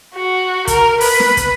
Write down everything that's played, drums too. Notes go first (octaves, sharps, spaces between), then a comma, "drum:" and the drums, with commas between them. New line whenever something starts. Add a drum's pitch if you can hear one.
F#4
A#4, drum: kick, hi-hat
B4, drum: open hi-hat
drum: snare
drum: kick, hi-hat